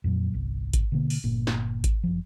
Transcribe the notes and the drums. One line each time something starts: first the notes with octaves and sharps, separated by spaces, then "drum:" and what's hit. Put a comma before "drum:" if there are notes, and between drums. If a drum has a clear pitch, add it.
F2 A#2 F#3
G1 C2
drum: kick G#1, hi-hat
B2 D3 A#3
drum: open hi-hat
G1 A#2
drum: snare
drum: kick G#1, hi-hat
F#1 F3